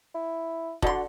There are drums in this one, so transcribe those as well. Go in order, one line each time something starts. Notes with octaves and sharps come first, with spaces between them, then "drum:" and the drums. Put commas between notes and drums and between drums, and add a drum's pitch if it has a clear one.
E4
D3 F#4 D5 C6, drum: kick